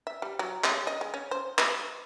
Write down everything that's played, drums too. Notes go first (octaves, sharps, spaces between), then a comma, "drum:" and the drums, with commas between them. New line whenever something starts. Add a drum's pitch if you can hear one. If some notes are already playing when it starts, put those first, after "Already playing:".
E5
G3
F#3
C#4, drum: clap
D#5
G#3
C#4
C5
B4, drum: clap